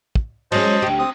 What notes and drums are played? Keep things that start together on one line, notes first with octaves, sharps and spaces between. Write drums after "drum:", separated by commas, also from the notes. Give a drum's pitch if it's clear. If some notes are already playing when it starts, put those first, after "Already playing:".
drum: kick
F#3 G#3 C#4 C5 D#5 A5, drum: cymbal
D2 G4
C4 D#6